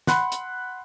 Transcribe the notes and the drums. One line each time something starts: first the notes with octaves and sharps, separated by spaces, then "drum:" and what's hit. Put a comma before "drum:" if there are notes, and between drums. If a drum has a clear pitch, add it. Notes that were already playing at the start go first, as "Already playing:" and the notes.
F#5 B5 C6 F#6, drum: snare
drum: hi-hat